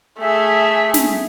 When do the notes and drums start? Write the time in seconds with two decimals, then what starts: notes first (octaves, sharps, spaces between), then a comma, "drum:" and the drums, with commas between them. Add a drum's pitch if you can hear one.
0.21 A3 G#4 E5
0.94 drum: snare